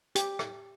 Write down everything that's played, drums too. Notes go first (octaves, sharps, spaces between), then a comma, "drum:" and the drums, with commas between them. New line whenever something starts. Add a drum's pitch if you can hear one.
G4, drum: hi-hat
drum: rim click